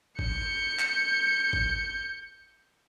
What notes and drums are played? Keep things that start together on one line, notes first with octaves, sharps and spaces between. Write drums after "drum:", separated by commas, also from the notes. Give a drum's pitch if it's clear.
G6 C#7, drum: kick G1
drum: clap
drum: kick G1